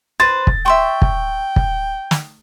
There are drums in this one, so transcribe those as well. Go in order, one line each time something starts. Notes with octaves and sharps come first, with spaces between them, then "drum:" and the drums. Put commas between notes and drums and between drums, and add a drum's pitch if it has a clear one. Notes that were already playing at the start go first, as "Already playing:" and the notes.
B4 C5 A6
drum: kick
E5 G5 C6 C#6
drum: kick
drum: kick
drum: snare